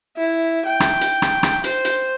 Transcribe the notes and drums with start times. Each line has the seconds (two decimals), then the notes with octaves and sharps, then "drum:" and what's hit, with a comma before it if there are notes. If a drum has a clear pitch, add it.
0.17 E4
0.66 G5
0.80 drum: rim click
1.01 drum: hi-hat
1.22 drum: rim click
1.43 drum: rim click
1.64 C5, drum: hi-hat
1.85 drum: hi-hat